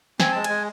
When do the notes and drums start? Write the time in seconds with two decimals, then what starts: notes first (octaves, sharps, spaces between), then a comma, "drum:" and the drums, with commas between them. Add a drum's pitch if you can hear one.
0.20 C4 G#5, drum: snare
0.32 G#3 A5
0.44 G#3 G#5, drum: cymbal